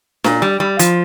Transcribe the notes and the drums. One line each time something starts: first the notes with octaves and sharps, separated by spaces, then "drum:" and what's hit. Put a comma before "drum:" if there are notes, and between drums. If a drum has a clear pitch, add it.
A#2, drum: snare D4
G3
G3
F3, drum: hi-hat